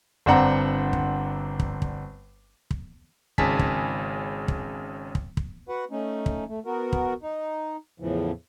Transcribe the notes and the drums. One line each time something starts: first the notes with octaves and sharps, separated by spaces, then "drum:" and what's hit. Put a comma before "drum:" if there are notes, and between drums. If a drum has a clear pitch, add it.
G1 C4 D4 F#5 A#5
drum: kick
drum: kick
drum: kick
drum: kick
G#1 C#3 G#5 A5 B6, drum: kick
drum: kick
drum: kick
drum: kick
drum: kick
F#4 B4 F#5
A3 C#4 D#4
drum: kick
A3
B3 F#4 A#4
drum: kick
D#4
E2 A2 C#3 E3 F3